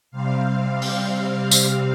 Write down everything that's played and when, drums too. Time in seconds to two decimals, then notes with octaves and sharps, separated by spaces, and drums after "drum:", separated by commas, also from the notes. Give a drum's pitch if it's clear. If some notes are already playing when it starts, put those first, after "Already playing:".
0.11 C3 G3 C4 F5
0.82 F5, drum: open hi-hat
1.51 C3 G3 C4, drum: tambourine